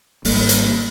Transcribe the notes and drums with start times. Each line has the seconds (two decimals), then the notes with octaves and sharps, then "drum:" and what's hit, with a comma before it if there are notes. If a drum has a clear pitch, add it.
0.25 G#1 G3 A#3, drum: open hi-hat
0.49 drum: hi-hat